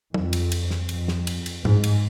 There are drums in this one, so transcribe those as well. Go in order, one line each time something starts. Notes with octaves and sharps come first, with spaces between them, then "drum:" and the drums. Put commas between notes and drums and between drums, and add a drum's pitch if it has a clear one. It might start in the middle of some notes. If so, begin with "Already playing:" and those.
F2, drum: tom
drum: cymbal
drum: cymbal
drum: snare
F2, drum: cymbal
drum: snare
drum: cymbal
drum: cymbal
G#2, drum: tom G#2
drum: cymbal